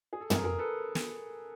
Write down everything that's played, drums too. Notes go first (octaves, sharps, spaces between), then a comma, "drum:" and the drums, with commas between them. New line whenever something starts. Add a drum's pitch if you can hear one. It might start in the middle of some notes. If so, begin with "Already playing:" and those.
G#4
A4
G#4 A#4, drum: tom
G#4 A#4
A4 B4
drum: snare